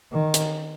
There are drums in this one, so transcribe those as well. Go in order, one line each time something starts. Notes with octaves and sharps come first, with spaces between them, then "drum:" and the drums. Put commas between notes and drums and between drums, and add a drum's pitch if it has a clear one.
D#3
drum: hi-hat